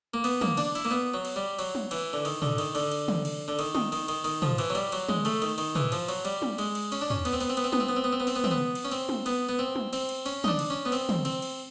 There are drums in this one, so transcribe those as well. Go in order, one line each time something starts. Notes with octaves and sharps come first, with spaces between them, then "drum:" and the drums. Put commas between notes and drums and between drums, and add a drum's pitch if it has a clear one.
A#3
B3, drum: cymbal
A#3, drum: tom
D4, drum: cymbal
E4, drum: cymbal
A#3
B3
F#3
drum: cymbal
G3
F#3, drum: cymbal
drum: tom
E3, drum: cymbal
D3
D#3, drum: cymbal
D3, drum: tom
D#3, drum: cymbal
D3, drum: cymbal
drum: cymbal
drum: tom
drum: cymbal
D3
D#3, drum: cymbal
D#3, drum: tom
D#3, drum: cymbal
D#3, drum: cymbal
D#3, drum: cymbal
F3, drum: tom
E3, drum: cymbal
F#3
G3, drum: cymbal
F#3, drum: cymbal
G#3, drum: tom
A3, drum: cymbal
D#3, drum: cymbal
D#3, drum: cymbal
E3, drum: tom
F3, drum: cymbal
F#3, drum: cymbal
G3, drum: cymbal
drum: tom
G#3, drum: cymbal
drum: cymbal
C#4, drum: cymbal
D4
C#4, drum: tom
B3, drum: cymbal
C4
B3, drum: cymbal
C4
B3, drum: cymbal
C4
B3, drum: tom
C4
B3
C4
B3
C4
B3
C4, drum: cymbal
B3
C4, drum: tom
B3
drum: cymbal
C#4
C4, drum: cymbal
drum: tom
B3, drum: cymbal
B3
C4
drum: tom
C4, drum: cymbal
drum: cymbal
C#4, drum: cymbal
D#4, drum: tom
D4
drum: cymbal
C#4
B3
C4, drum: cymbal
drum: tom
C4, drum: cymbal
drum: cymbal